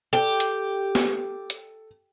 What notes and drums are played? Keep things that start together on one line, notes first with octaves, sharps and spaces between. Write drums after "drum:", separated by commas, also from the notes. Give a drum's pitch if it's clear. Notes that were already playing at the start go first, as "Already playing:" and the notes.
G4 A4
drum: hi-hat
drum: snare
drum: hi-hat